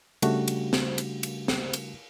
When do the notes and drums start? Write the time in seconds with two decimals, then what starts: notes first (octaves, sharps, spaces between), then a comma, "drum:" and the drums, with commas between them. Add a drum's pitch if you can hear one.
0.22 C#3 G3 A3 D4 F#4 G4, drum: cymbal
0.48 drum: cymbal
0.73 drum: snare
0.98 drum: cymbal
1.23 drum: cymbal
1.48 drum: snare
1.73 drum: cymbal